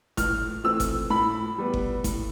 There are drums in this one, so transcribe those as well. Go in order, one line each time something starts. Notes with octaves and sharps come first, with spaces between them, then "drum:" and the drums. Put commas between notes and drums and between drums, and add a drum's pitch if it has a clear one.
A2 F6, drum: kick G1, hi-hat
E3 A3 C4 E6
drum: kick G1, hi-hat
A2 B5
G3 B3
drum: kick G1
A2, drum: kick G1, hi-hat